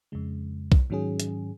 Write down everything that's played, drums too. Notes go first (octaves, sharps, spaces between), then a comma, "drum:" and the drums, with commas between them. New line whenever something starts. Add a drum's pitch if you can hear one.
F2 C#3 G#3
drum: kick B1
G#2 D#3 F#3 C#4 G#4
drum: hi-hat